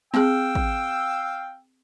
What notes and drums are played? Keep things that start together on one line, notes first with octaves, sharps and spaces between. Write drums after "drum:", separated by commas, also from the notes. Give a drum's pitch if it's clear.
C4 G#4 F5 G5 E6, drum: snare
drum: kick